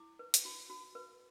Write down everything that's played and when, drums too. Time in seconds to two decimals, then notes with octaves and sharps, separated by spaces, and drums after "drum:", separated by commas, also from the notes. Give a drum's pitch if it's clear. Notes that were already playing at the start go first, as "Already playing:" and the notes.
Already playing: E4 D6
0.19 B4
0.34 drum: hi-hat
0.45 F#4
0.70 F#4
0.95 B4